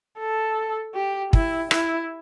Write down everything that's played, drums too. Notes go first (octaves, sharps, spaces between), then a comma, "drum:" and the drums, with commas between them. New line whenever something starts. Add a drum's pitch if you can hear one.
A4
G4
E4, drum: kick
E4, drum: rim click